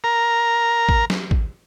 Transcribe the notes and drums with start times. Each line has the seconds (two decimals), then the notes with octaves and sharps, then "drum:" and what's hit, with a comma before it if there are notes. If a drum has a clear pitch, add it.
0.04 A#4 A#5
0.89 drum: kick
1.10 drum: snare
1.31 drum: kick